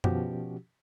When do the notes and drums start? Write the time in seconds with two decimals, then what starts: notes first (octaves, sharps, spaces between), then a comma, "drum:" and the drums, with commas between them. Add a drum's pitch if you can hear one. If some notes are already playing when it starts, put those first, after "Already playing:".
0.04 B2 F3 C#4 F#4 G4, drum: tom F#2